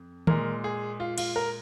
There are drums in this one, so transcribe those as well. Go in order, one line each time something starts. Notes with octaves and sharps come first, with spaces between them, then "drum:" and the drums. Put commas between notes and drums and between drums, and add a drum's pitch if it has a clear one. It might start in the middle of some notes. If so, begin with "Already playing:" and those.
Already playing: F2
A#2 G#3 A#4, drum: tom D#3
G#4
F4
F4, drum: cymbal
A#4